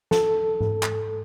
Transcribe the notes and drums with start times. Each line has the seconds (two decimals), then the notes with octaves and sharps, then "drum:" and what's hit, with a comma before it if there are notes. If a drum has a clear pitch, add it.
0.11 A4, drum: snare
0.60 drum: tom G#2
0.83 drum: clap